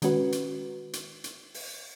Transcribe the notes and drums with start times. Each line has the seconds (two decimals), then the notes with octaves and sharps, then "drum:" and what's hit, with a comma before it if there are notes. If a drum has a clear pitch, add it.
0.02 D#3 G#3 C#4 F#4 B4, drum: hi-hat
0.32 drum: hi-hat
0.93 drum: hi-hat
1.24 drum: hi-hat
1.54 drum: open hi-hat